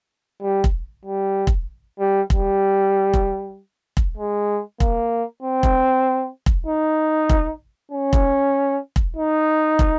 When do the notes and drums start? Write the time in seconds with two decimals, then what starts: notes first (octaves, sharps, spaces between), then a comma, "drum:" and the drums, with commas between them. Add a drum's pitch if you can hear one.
0.43 G3
0.64 drum: kick
1.05 G3
1.47 drum: kick
2.00 G3
2.30 G3, drum: kick
3.14 drum: kick
3.97 drum: kick
4.18 G#3
4.80 A#3, drum: kick
5.43 C4
5.63 drum: kick
6.46 drum: kick
6.67 D#4
7.29 drum: kick
7.92 C#4
8.13 drum: kick
8.96 drum: kick
9.16 D#4
9.79 drum: kick